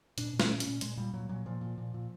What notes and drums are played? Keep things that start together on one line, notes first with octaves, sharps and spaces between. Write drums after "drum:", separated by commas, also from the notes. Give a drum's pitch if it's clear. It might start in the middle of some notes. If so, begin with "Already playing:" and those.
A#2 D4, drum: hi-hat
A#2
C#4, drum: snare
A#2
C#4, drum: hi-hat
A#2
A#2 G#3, drum: hi-hat
A#2 G3
A#2 F#3
A#2 F#3
A#2 F3
A#2
A#2
A#2